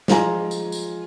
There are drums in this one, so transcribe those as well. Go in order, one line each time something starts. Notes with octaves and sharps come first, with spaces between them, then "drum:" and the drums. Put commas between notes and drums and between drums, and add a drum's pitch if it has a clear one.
F3 G#3 F4 G#5 A#5, drum: snare
drum: tambourine
drum: tambourine